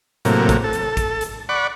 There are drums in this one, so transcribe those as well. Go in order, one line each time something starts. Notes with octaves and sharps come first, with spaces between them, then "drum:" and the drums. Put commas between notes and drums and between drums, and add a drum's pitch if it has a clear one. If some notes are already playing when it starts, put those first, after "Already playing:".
A2 C3 F#3 A#3, drum: hi-hat
drum: kick, hi-hat
A4
drum: hi-hat
drum: kick, hi-hat
drum: hi-hat
D5 F#5 B5 C#6